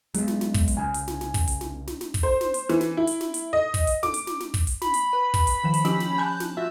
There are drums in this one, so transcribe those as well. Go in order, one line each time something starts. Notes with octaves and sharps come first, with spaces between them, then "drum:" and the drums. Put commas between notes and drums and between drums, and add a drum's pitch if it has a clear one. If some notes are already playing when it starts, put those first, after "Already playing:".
F#3 G#3 B3, drum: hi-hat
drum: snare
drum: snare
drum: kick, open hi-hat
drum: hi-hat
C2 C#3 G#5
drum: hi-hat
drum: snare
drum: snare
drum: kick, open hi-hat
drum: hi-hat
drum: snare
drum: snare
drum: snare
drum: kick, open hi-hat
C5
drum: snare
drum: hi-hat
E3, drum: snare
drum: snare
E4
drum: hi-hat
drum: snare
drum: hi-hat
D#5
drum: kick, open hi-hat
drum: hi-hat
D6, drum: snare
drum: hi-hat
drum: snare
drum: snare
drum: kick, open hi-hat
drum: hi-hat
B5, drum: snare
drum: hi-hat
B4
drum: kick, open hi-hat
drum: hi-hat
D#3 F3 E7
drum: hi-hat
F3 C#4 G4 F#7, drum: snare
drum: snare
G#5 A5 B5 F#6 G6
drum: snare
F4 F#4 E5